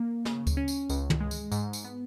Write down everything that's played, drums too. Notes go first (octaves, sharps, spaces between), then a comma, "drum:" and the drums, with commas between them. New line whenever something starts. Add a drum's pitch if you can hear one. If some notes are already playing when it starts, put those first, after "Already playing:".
Already playing: A#3
C#3, drum: snare
drum: kick D2, tambourine
C#4
drum: tambourine
C#2, drum: tambourine
drum: tom
G#3
drum: tambourine
G#2, drum: tambourine
drum: tambourine
B3